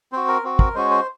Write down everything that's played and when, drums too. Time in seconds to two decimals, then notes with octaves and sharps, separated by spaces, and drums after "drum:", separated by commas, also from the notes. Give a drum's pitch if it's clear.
0.12 C4 F#4 C5
0.28 A#4
0.44 C4 F#4
0.59 A#4, drum: kick
0.75 G#3 C#4 F#4 C5
0.91 C5